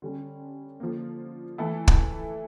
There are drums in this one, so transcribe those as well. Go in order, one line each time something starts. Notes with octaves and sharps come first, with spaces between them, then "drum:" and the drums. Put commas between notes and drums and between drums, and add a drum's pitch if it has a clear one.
D3 G3 C#4
D3 F3 A#3
E3 A3 E4 A4
drum: kick